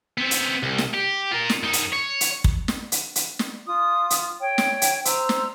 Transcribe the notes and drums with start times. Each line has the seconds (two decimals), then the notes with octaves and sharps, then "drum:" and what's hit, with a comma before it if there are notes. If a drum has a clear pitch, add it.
0.18 B3 C4
0.31 drum: hi-hat
0.63 C2
0.78 drum: snare
0.94 G4
1.31 F4 A#4
1.49 drum: snare
1.63 F#2 D#4
1.73 drum: hi-hat
1.93 C#5
2.21 drum: hi-hat
2.44 drum: kick
2.68 drum: snare
2.92 drum: hi-hat
3.16 drum: hi-hat
3.39 drum: snare
3.66 F4 D#6
4.10 drum: hi-hat
4.41 C#5 G5
4.58 drum: snare
4.82 drum: hi-hat
5.05 C5 A#5 E6, drum: hi-hat
5.29 drum: snare